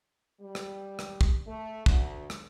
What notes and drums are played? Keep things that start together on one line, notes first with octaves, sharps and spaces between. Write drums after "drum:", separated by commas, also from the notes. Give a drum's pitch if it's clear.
G3
drum: rim click
drum: rim click
drum: kick
A3
D2, drum: kick
drum: rim click